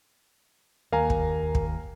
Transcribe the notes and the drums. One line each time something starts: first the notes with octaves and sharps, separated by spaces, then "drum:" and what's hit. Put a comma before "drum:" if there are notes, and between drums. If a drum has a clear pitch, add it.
D#2 A#3 A#4 F5 G#5 A#5
drum: kick
drum: kick